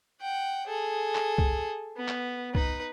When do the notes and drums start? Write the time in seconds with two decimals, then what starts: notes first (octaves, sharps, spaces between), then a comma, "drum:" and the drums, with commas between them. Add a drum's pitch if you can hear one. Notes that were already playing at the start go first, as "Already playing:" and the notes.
0.21 F#5 G5
0.67 G#4 A4
1.15 drum: clap
1.38 drum: kick C2
1.97 B3
2.08 drum: clap
2.55 D#4 B4, drum: kick C2